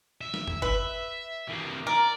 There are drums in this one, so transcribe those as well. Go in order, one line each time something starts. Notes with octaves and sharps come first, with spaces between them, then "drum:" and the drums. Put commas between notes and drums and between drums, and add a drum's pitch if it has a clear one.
E5
drum: snare
drum: tom F2
B4 E5, drum: kick G1
E3 A#3
A#4 D5